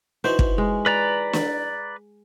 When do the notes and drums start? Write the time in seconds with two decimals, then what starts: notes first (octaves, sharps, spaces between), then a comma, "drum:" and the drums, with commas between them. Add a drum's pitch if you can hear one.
0.24 E3 D#4 F#4 C5
0.39 drum: kick
0.58 G#3
0.86 B4 D5 A#5
1.33 drum: snare